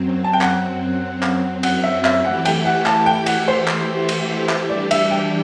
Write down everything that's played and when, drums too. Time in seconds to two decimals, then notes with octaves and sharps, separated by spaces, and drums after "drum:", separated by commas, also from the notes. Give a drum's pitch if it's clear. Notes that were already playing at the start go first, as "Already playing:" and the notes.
Already playing: F#2 F#3 C4
0.24 A5
0.33 G5
0.41 F#5, drum: clap
1.23 drum: clap
1.63 F#5, drum: cymbal
1.84 E5
2.05 E5, drum: clap
2.25 E3 A3 E4 G4 F#5
2.45 G5, drum: cymbal
2.65 F#5
2.86 A5, drum: clap
3.06 G5
3.26 F#5, drum: cymbal
3.48 C5
3.68 drum: clap
4.09 drum: cymbal
4.49 drum: clap
4.69 E3 G3 D4 G4 D5
4.91 E5, drum: cymbal
5.11 G5